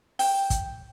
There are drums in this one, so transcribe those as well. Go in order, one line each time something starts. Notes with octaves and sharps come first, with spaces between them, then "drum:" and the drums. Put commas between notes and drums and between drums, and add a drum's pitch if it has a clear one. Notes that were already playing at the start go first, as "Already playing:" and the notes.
G5, drum: open hi-hat
drum: kick, hi-hat